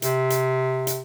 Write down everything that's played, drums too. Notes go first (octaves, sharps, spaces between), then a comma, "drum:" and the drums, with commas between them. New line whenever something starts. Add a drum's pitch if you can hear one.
C3, drum: hi-hat
drum: hi-hat
drum: hi-hat